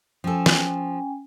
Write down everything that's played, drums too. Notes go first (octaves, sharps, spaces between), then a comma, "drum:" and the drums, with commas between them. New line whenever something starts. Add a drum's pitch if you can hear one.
F3 C#4 A4 G5 G#5
drum: snare